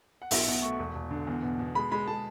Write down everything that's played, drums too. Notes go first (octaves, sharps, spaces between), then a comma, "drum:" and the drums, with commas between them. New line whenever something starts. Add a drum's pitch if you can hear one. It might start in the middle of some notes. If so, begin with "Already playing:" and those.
F#5
B1 E5, drum: open hi-hat
B2 F#5
A3 C#6
E1
E1
D3
E2
B2
B2
G#3 B5
G#3 B5
G#3 A5